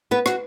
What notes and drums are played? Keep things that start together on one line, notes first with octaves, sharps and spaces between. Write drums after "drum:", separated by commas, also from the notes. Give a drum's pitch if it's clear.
B3 B4
F#4, drum: rim click